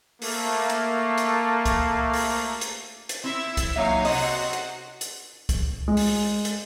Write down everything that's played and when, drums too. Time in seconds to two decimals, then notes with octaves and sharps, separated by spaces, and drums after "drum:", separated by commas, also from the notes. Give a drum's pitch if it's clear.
0.22 A3 A#3, drum: open hi-hat
0.70 drum: hi-hat
1.18 drum: hi-hat
1.66 drum: kick C2, hi-hat
2.13 drum: open hi-hat
2.61 drum: hi-hat
3.09 drum: hi-hat
3.24 C4 E4 E5
3.57 drum: kick C2, hi-hat
3.76 F#3 A#3 D#4 C#5 E5 F5
4.05 C3 F#4 C5 D#5 F#5, drum: open hi-hat
4.53 drum: hi-hat
5.01 drum: hi-hat
5.49 drum: kick C2, hi-hat
5.88 G#3
5.97 drum: open hi-hat
6.45 drum: hi-hat